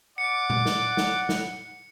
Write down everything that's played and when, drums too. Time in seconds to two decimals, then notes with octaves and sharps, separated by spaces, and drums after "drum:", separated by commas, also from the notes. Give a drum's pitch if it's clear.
0.18 D5 F#5 D6 C#7
0.50 drum: tom A#2
0.66 drum: snare
0.97 drum: snare
1.29 drum: snare